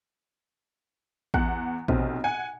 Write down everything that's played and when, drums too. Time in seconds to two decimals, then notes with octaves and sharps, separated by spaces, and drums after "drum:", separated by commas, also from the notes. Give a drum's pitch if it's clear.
1.34 E2 F#5 F#6, drum: kick A1
1.88 B1 C3 C4, drum: kick A1
2.24 F#5 G#5